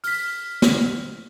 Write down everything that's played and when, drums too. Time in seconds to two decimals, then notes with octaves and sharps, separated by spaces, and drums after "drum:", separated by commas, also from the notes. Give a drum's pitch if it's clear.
0.04 F6 B6, drum: open hi-hat
0.62 drum: snare